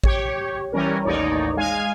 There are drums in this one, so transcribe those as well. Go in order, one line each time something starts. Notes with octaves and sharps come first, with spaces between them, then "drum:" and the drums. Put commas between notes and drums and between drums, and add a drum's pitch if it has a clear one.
G4 C#5, drum: kick A1
E3 G3 C#4 A#4
A1 D#2 D#4 C#5 D5
G#3 F5 G#5